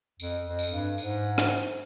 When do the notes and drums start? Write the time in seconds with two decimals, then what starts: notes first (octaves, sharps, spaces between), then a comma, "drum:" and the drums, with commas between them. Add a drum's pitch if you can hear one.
0.20 F2, drum: tambourine
0.46 F2
0.59 drum: tambourine
0.71 G2
0.98 G#2, drum: tambourine
1.38 drum: rim click